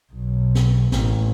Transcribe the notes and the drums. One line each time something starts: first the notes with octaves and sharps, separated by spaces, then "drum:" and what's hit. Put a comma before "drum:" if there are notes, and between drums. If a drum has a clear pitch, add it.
B1
drum: snare
A1, drum: snare